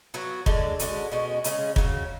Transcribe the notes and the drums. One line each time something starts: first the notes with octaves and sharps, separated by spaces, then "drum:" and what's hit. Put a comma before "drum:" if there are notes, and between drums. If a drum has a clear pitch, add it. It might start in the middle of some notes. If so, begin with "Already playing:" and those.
F#3 B3 F#4
D3 G#3 D4, drum: kick
D3 G#3 C#4 F#4, drum: hi-hat
B2 G#3 C#4 F#4
C#3 G#3 C#4 G#4, drum: hi-hat
C#3 F#3 C#4, drum: kick